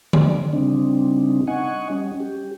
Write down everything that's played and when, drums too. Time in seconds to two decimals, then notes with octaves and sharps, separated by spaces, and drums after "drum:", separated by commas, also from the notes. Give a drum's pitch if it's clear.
0.13 D3 D5, drum: tom D3
0.53 C#3 G3 C4 D4 D#4
1.47 D#5 F#5 G#5 C#6
1.90 G3 C#4
2.20 G4